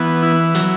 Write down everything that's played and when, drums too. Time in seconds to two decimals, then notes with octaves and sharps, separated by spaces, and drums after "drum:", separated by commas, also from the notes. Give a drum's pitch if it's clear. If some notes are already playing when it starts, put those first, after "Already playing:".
Already playing: E3 B3
0.23 E4
0.55 F#3, drum: hi-hat